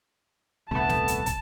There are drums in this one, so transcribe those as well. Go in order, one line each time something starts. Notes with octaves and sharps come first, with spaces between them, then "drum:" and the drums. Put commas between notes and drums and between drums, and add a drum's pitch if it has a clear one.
D#1 C2 C3 A3 B3 A5
drum: snare
drum: hi-hat
drum: kick, hi-hat